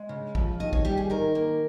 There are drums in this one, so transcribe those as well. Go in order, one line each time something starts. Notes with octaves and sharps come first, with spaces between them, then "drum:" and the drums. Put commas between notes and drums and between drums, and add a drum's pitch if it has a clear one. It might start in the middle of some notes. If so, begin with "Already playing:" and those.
Already playing: G#3
C#3
F3, drum: kick
D#3 D#5
C#5, drum: kick
G3 G4
G#4
D#3 A#4
A#3